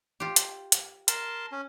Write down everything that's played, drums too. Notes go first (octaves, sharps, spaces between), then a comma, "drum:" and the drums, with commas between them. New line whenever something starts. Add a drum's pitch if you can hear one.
F4 G4
drum: hi-hat
drum: hi-hat
A#4 A5 C6, drum: hi-hat
C#4